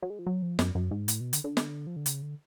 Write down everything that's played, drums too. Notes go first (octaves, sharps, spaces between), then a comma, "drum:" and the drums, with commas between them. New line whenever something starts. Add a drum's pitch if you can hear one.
F#3
G#3
F3
F#3
F3
F#2, drum: snare
F#2
G#2
A2, drum: hi-hat
B2
D3, drum: hi-hat
D3
drum: snare
F3
D3
C#3, drum: hi-hat
D3